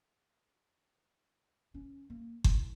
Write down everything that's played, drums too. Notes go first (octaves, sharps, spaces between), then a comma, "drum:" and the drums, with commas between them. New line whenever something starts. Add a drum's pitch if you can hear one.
D#3 C#4
A#3
D#3 E4, drum: kick G1